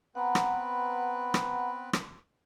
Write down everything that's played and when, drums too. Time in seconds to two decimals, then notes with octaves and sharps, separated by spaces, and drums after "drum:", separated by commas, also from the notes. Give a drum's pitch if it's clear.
0.15 B3 C4 B4 F#5 A#5
0.35 drum: rim click
1.34 drum: rim click
1.93 drum: rim click